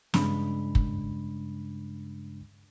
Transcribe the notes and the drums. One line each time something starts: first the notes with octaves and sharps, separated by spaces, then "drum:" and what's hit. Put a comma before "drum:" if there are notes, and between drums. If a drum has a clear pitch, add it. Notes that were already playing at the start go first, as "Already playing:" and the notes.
G2 C#3 G#3 D4 B5, drum: snare
drum: kick